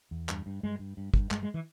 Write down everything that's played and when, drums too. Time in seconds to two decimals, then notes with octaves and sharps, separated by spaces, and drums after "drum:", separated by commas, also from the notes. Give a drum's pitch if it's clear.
0.11 E2
0.29 G2, drum: clap
0.46 G2
0.63 G2 G#3
0.79 G2
0.97 G2
1.14 G2, drum: kick
1.31 G2 G#3, drum: clap
1.43 G#3
1.54 E3